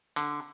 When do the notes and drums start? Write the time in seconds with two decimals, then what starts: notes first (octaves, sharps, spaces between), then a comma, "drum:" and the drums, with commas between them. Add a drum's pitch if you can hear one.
0.16 D3, drum: hi-hat